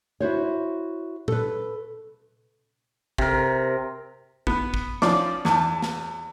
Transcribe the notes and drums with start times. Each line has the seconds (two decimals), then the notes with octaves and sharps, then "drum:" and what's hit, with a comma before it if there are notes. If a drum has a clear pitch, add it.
0.20 E4 F#4 C5 C#5
1.28 A4 B4, drum: tom A#2
3.18 C3 A#4, drum: kick
4.47 B3, drum: kick
4.74 drum: kick
5.02 F3 C#4 D5 D6, drum: snare
5.45 E2 A5, drum: snare
5.82 drum: snare